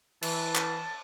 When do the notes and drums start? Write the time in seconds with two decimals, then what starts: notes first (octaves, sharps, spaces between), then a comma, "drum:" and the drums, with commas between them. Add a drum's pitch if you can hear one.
0.22 E3 A5, drum: cymbal
0.55 drum: clap